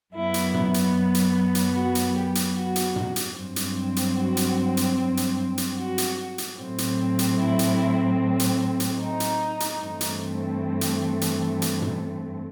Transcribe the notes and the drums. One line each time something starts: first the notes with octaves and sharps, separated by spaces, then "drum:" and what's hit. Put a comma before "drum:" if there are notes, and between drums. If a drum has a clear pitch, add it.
F#2 F#3 B3 E4
drum: hi-hat
drum: tom
drum: hi-hat
drum: hi-hat
drum: hi-hat
F#4
drum: hi-hat
G4
drum: hi-hat
F#4
drum: hi-hat
drum: tom
drum: hi-hat
G2 F#3 C4
drum: hi-hat
drum: hi-hat
F#4
drum: hi-hat
drum: hi-hat
drum: hi-hat
drum: hi-hat
F#4
drum: hi-hat
drum: hi-hat
A2 F#3 C4
drum: hi-hat
drum: hi-hat
E4
drum: hi-hat
drum: hi-hat
drum: hi-hat
D#4
drum: hi-hat
drum: hi-hat
G2 E3 A3 C4
drum: hi-hat
drum: hi-hat
drum: hi-hat
drum: hi-hat
drum: tom